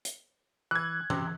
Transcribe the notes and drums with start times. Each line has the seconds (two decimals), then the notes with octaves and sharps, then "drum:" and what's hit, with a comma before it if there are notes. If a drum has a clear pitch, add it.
0.05 drum: hi-hat
0.71 E3 F#6 G#6
1.10 C3, drum: tom E3